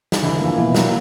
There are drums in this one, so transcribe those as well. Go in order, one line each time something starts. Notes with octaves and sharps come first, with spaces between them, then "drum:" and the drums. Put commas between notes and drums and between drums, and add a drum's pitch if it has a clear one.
drum: snare
D3 E3 E4
F3 A#3
B2 E3 E4
F#3 A#3, drum: snare